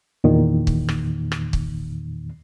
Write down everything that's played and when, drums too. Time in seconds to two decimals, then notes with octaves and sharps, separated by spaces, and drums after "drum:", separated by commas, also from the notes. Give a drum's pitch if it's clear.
0.24 E2 A#2 D#3
0.67 drum: kick
0.89 drum: rim click
1.32 drum: rim click
1.53 drum: kick